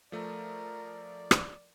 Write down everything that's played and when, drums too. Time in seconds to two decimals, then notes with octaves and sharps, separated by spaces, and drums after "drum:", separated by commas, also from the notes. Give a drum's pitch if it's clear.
0.12 F3 A3 A#4 D5
1.31 drum: rim click